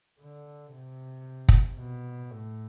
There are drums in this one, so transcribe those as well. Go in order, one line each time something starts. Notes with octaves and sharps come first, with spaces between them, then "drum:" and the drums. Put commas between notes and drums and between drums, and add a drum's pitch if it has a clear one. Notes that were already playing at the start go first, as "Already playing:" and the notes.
D3
C3
drum: kick
B2
A2